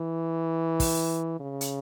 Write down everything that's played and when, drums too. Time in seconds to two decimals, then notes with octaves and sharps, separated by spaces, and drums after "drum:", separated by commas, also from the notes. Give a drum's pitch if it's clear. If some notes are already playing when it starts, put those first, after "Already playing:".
Already playing: E3
0.80 drum: kick, open hi-hat
1.40 C#3
1.61 drum: hi-hat